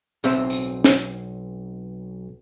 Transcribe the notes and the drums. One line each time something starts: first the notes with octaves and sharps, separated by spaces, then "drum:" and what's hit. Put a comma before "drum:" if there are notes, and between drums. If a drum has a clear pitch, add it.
B1 C4 C5 E5, drum: tambourine
drum: tambourine
drum: snare